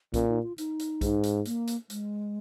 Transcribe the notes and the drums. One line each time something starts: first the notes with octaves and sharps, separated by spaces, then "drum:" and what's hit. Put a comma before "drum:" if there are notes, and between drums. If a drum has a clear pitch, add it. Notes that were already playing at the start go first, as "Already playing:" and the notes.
A#2 C#4, drum: kick B1, hi-hat
D#4
F4
D#4, drum: hi-hat
drum: hi-hat
G#2, drum: kick B1, hi-hat
drum: hi-hat
A#3, drum: hi-hat
drum: hi-hat
G#3, drum: hi-hat